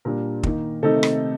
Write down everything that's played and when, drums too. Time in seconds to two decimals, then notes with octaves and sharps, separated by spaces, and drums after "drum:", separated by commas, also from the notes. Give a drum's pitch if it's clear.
0.05 A#2 G3 D4 A#4
0.43 D#3 A#3 D#4, drum: kick
0.83 C3 D#3 A3 D#4 A4
1.03 drum: rim click